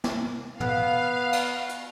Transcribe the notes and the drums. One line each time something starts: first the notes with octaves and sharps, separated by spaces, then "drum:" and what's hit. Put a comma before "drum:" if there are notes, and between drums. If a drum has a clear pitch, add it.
drum: snare
B3 F5, drum: tom
drum: cymbal
drum: hi-hat